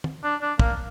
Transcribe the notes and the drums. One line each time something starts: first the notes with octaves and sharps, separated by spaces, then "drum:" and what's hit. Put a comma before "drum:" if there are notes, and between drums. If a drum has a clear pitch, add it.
drum: tom
D4
D4
A#3, drum: kick